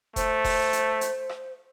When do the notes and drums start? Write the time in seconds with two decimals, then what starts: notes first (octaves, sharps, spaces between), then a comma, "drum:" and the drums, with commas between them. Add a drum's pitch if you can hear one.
0.16 A3 C5, drum: kick F1, hi-hat
0.44 drum: kick F1, open hi-hat
0.73 drum: hi-hat
1.01 drum: hi-hat
1.29 drum: rim click